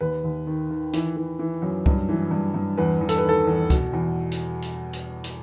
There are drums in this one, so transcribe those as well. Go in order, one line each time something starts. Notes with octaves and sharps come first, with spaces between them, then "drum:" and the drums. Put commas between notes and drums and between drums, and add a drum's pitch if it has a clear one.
D#2 B4
D#2
D#3
D#3
E3, drum: hi-hat
E3
E3
F#2
G2, drum: kick
E3
G2
G2
E2 B4
E2
A4, drum: hi-hat
B4
D#3 A4
E2
B2, drum: kick, hi-hat
E2
drum: hi-hat
drum: hi-hat
drum: hi-hat
drum: hi-hat